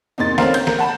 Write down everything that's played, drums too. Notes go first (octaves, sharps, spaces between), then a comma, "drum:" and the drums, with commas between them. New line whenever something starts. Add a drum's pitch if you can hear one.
E2 C3 A#3 D#4 C6 A6
A3 C4 C#4 A#4 C5 F5, drum: snare
G6, drum: cymbal
A#4, drum: snare
F#5 A5 B5